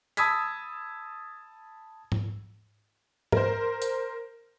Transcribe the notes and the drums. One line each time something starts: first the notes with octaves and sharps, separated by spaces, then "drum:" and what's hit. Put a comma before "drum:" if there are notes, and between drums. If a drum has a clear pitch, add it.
A5 B5 D#6 E6 G#6 B6, drum: hi-hat
drum: tom G#2
A#4 C5, drum: tom G#2
drum: hi-hat